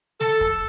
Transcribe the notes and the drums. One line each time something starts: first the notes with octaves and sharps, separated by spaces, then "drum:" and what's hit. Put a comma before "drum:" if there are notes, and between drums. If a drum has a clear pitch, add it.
A4, drum: snare
drum: kick